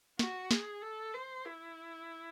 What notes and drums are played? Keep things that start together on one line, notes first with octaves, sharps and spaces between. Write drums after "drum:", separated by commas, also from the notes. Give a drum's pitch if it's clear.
F#4, drum: snare
G#4, drum: snare
A4
C5
E4